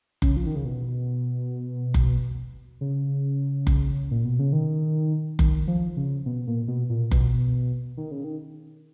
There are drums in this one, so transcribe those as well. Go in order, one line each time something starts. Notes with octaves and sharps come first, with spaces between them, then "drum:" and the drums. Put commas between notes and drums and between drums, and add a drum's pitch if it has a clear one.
C#3, drum: kick F#1
F3
D#3
C#3
B2
drum: kick F#1
C#3
drum: kick F#1
A#2
B2
C#3
D#3
D#3, drum: kick F#1
F3
C#3
B2
A#2
B2
A#2
B2, drum: kick F#1
D#3
C#3
D#3